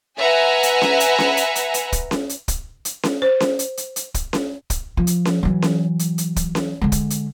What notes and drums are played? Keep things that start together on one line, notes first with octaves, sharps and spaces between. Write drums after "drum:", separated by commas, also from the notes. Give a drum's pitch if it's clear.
B4 E5 F#5 G#5 A#5
drum: hi-hat
drum: snare C#4
drum: hi-hat
drum: snare C#4
drum: hi-hat
drum: hi-hat
drum: hi-hat
drum: kick, hi-hat
drum: snare C#4
drum: hi-hat
drum: kick, hi-hat
drum: hi-hat
drum: snare C#4
C5
drum: snare C#4
drum: hi-hat
drum: hi-hat
drum: hi-hat
drum: kick, hi-hat
drum: snare C#4
drum: kick, hi-hat
F3
drum: hi-hat
drum: snare C#4
E3 F#3
drum: snare C#4
drum: hi-hat
drum: hi-hat
drum: kick, hi-hat
drum: snare C#4
D3 G#3
drum: kick, hi-hat
drum: hi-hat